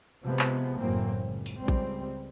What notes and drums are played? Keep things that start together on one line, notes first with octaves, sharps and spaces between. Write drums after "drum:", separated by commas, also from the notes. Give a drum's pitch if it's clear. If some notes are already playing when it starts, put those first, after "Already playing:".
C3 F3 G#3 B3
drum: clap
F#1 F#2 A2 E3 A#3 C4
C#2
drum: open hi-hat
C#2 G3 C4
drum: kick A#1